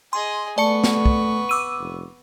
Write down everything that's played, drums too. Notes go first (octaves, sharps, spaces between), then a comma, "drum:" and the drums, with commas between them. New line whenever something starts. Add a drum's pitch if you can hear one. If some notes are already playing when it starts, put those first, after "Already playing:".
G#4 D#5 C6
A3 B3 D5 A5 C#6 C#7
drum: snare
drum: kick
D6 E6 D#7
F1